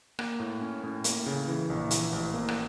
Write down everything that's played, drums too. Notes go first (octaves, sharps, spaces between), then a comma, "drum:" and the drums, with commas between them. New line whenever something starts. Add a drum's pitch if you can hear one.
A#3, drum: rim click
A2
C#4
A2
A#3, drum: hi-hat
C#3
E3
A#1
E3, drum: hi-hat
A1
A#3
drum: rim click